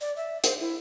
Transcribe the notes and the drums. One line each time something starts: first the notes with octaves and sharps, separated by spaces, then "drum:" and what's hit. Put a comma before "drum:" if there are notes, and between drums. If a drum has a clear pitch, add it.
D5
E5
C5, drum: hi-hat
E4